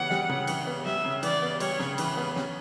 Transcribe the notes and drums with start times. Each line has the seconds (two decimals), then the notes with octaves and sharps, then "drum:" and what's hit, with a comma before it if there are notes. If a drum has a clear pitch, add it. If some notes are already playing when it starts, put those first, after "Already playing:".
Already playing: C#3 E3 G3 B3 F#5
0.10 G3, drum: snare
0.29 C#3, drum: tom A#2
0.47 E3, drum: cymbal
0.67 B3
0.85 G3 E5, drum: snare
1.05 C#3
1.23 E3 D5, drum: cymbal
1.42 B3
1.60 G3 C#5, drum: cymbal
1.79 C#3, drum: snare
1.98 E3 B4, drum: cymbal
2.17 B3
2.36 C#4, drum: snare